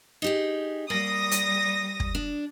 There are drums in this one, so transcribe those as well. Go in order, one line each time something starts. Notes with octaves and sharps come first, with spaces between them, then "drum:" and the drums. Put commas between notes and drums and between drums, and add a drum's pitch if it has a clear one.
D#4 G4 G#4
G3 A#3 D#6 A#6
drum: hi-hat
drum: kick
D4